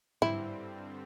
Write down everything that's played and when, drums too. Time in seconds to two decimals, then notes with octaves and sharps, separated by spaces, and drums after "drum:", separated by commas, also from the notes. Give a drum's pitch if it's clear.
0.22 G2 D3 G3 C4 E4, drum: tom G#2